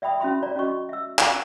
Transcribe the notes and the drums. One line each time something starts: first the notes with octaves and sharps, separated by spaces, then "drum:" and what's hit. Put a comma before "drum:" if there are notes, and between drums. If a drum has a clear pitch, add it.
D5 E5 G5 B5 D#6
C#4 F#4 E5 B5 C6
D5 A#5
C#4 F#4 D#5 C#6
E5 E6
F5, drum: clap